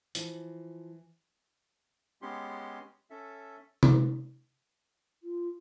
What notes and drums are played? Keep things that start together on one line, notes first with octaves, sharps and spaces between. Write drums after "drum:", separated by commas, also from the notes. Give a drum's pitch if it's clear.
E3 F3, drum: hi-hat
G#3 B3 C#4 G4 C6
C#4 A4 E5
drum: tom C3
F4